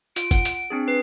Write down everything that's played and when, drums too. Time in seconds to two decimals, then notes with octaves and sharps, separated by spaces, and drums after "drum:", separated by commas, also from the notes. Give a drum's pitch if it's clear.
0.16 F4 D7, drum: hi-hat
0.31 F#5, drum: kick, hi-hat
0.45 drum: hi-hat
0.70 C4 D4 G#4
0.88 B4 C7